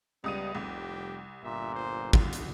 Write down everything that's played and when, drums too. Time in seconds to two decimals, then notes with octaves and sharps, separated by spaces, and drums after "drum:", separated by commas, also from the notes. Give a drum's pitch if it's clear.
0.24 C#2 G3 B3 D#6 D#7
0.55 F1 C2 G4
1.43 G1 A#2 E5
1.75 C5
2.13 C2 F4, drum: kick
2.33 drum: hi-hat